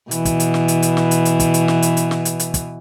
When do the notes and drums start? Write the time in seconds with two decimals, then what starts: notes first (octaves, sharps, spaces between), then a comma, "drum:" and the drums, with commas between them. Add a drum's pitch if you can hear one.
0.11 B2 E3, drum: hi-hat
0.25 drum: kick, hi-hat
0.40 drum: hi-hat
0.54 drum: snare
0.68 drum: hi-hat
0.82 drum: hi-hat
0.97 drum: snare
1.11 drum: hi-hat
1.25 drum: hi-hat
1.40 drum: kick, hi-hat
1.54 drum: hi-hat
1.68 drum: snare
1.82 drum: hi-hat
1.97 drum: hi-hat
2.11 drum: snare
2.25 drum: hi-hat
2.40 drum: hi-hat
2.54 drum: kick, hi-hat